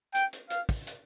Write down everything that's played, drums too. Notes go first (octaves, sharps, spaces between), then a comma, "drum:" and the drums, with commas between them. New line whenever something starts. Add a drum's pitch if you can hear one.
G5, drum: hi-hat
drum: hi-hat
F5, drum: hi-hat
drum: kick, open hi-hat
drum: hi-hat